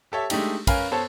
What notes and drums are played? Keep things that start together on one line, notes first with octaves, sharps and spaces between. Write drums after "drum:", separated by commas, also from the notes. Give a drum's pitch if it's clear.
G4 A4 C#5 E5
G#3 A3 D4 D#4 G4, drum: cymbal
C#4 A#4 B4 F5 G#5, drum: kick, cymbal
B3 A4 C5 C#5 A5